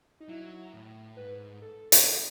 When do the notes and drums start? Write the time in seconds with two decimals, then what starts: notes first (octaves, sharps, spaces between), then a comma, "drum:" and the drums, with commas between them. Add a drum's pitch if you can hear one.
0.20 D#4
0.29 F#3 E4
0.73 A2
1.17 G#2 B4
1.62 A4
1.92 drum: hi-hat